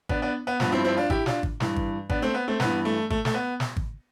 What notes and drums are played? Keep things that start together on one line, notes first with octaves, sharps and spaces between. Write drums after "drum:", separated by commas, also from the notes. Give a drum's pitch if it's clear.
B3 D4, drum: kick G#1
B3 D4
B3
G2 F3 B3, drum: snare
C4 E4
C4 E4
D4 F4
E4 G4, drum: kick G#1
D4 F4, drum: snare
drum: kick G#1
G2 E3, drum: snare
drum: kick G#1
B3 D4, drum: kick G#1
A3 C4
B3
A3 C4
G2 E3 B3, drum: snare
A3
A3, drum: kick G#1
A3, drum: snare
B3
drum: snare
drum: kick G#1